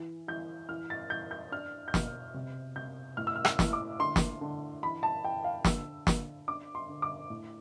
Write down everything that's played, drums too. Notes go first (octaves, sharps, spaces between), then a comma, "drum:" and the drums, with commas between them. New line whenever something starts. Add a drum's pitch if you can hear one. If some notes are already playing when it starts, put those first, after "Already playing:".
Already playing: E3
E3 G6
E3 F6
A6
E3 G6
G6
D4 F6
G6
B2 F6, drum: snare
C3
C3 G6
A2 F6
E6
F6
E6, drum: rim click
A2, drum: snare
D6
D3 C6
drum: snare
D3
E3 B5
A5
E3 G5
F5
D3 E6, drum: snare
D3, drum: snare
D4 D6
C6
D3
D6
A2